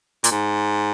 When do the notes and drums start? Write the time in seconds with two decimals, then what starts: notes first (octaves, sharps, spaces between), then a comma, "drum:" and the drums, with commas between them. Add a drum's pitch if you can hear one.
0.24 A#2, drum: hi-hat
0.31 G#2